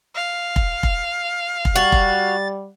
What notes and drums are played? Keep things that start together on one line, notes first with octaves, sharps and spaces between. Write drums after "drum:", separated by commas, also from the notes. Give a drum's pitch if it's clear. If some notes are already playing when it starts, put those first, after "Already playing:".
F5
drum: kick
drum: kick
drum: kick
G3 F#4 A6
drum: kick